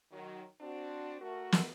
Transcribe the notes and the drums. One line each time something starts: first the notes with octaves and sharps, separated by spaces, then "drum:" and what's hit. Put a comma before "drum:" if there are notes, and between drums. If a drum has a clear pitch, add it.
D#3 F#3
C4 D4 F#4
A3 F#4 A#4
drum: snare